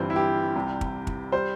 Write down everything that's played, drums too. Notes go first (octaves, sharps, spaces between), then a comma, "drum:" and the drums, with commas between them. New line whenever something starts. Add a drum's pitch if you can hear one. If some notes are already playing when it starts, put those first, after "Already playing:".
Already playing: G1 G2 E3 G3 C4 C5
E4
G4
C2 C3 G3
drum: kick
drum: kick
G3 C5